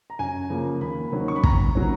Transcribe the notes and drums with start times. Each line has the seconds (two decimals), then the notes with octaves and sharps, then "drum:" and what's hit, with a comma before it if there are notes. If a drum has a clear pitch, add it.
0.10 A#5
0.19 F#2 G#5
0.50 C#3 F3 A#3
0.81 D#2 B5
1.12 D#3 F#3 C#4
1.28 C#6
1.36 B5
1.43 D#2 A#5, drum: kick
1.75 D#3 F#3 C#4